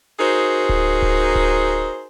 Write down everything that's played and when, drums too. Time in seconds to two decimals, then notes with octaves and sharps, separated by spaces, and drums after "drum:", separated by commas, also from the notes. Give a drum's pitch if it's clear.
0.20 D#4 F#4 G#4 A#4 C5
0.69 drum: kick D1
1.02 drum: kick D1
1.35 drum: kick D1